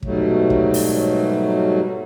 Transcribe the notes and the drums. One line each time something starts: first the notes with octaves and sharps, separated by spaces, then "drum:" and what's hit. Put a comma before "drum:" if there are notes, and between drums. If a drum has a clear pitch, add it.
G#2 B2 F#3 G3 A3, drum: kick
drum: kick
drum: open hi-hat